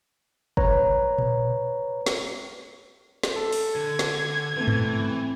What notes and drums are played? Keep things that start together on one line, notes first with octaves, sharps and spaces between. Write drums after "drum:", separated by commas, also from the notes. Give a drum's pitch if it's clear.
B4 C#5 A#5, drum: kick
drum: tom A#2
drum: snare
drum: snare
A4
drum: open hi-hat
D3 G#6
drum: snare
E3 A3 B3 C4
drum: tom G2